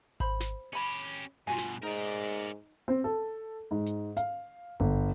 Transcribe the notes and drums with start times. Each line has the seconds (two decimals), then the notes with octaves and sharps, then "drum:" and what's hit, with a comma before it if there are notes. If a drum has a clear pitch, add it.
0.20 C5 B5, drum: kick G#1
0.40 drum: snare
0.73 C#4 G4 C#5 B5
1.47 G2 B2 F4 F#4 G#5
1.58 drum: snare
1.83 G#2 D#4 A#4 D5
2.88 C4
3.04 A4
3.71 G#2
3.86 drum: hi-hat
4.17 F5, drum: hi-hat
4.80 G1, drum: kick G#1